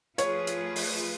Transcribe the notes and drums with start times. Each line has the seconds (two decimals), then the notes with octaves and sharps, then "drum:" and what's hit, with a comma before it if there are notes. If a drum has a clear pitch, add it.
0.18 F3 A3 F4 G#4 B4 C#5, drum: hi-hat
0.47 drum: hi-hat
0.76 drum: open hi-hat